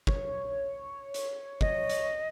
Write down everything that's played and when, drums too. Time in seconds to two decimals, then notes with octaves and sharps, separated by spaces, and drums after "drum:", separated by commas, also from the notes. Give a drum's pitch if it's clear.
0.07 C#5, drum: kick
1.14 drum: hi-hat
1.61 D#5, drum: kick
1.90 drum: hi-hat